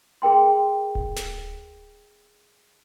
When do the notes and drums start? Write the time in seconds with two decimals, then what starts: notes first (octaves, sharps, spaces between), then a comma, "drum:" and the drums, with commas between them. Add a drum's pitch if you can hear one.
0.22 G#4 A#4 G5 C6
0.95 drum: kick D1
1.16 drum: snare